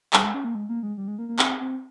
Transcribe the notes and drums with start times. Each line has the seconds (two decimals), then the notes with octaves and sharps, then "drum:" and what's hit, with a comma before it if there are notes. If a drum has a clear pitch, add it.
0.13 G3, drum: clap
0.24 G#3
0.34 C#4
0.45 A#3
0.55 G#3
0.69 A#3
0.83 G#3
0.98 G3
1.08 G#3
1.19 A#3
1.29 A#3
1.39 C4, drum: clap
1.60 C4